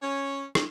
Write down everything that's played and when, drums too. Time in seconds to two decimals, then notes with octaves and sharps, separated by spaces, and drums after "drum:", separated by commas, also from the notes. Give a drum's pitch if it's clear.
0.03 C#4
0.55 drum: rim click